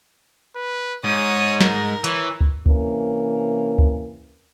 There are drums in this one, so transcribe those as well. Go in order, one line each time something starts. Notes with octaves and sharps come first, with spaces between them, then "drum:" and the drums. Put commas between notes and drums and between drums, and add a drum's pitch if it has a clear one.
B4
G#2 C#5 D#6
A#4, drum: snare
E3 C#5, drum: hi-hat
drum: kick D2
C3 E3 A#3 C#4, drum: kick D2
drum: kick D2